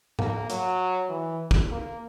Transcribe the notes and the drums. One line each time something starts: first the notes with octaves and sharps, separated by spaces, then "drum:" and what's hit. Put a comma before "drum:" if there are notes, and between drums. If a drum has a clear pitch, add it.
A#3, drum: tom G#2
F#3, drum: hi-hat
E3
drum: kick
A#3